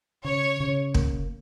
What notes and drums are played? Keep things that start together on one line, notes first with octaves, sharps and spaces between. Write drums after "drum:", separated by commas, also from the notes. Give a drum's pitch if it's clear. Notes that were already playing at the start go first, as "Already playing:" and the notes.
C#3 C#5
C#3
A#3, drum: kick